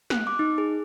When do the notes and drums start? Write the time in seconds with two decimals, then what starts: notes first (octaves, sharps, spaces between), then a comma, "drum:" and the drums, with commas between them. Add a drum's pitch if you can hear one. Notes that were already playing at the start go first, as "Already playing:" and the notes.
0.10 F#6, drum: snare
0.27 D6
0.39 D#4
0.58 G#4